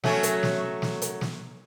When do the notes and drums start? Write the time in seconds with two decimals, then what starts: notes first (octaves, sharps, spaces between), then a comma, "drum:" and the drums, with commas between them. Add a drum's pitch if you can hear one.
0.04 F#3 A3 C#4, drum: snare
0.23 drum: hi-hat
0.43 drum: snare
0.82 drum: snare
1.02 drum: hi-hat
1.21 drum: snare